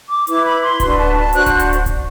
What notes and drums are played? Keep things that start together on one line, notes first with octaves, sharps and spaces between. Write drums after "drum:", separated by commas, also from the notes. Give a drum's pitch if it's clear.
D6
E4 B4 D6, drum: hi-hat
B5
C6
D4 F#4 B4 C6, drum: kick D1, hi-hat
A5
A5
D4 F#4 C5 F#6, drum: hi-hat
drum: kick D1, hi-hat
drum: hi-hat
drum: hi-hat
drum: kick D1, hi-hat